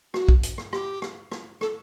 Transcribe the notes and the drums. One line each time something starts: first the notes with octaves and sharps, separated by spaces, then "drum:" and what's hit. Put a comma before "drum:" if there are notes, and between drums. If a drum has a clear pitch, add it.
F#4, drum: rim click
drum: kick
drum: hi-hat
drum: rim click
G4, drum: rim click
drum: rim click
drum: rim click
A4, drum: rim click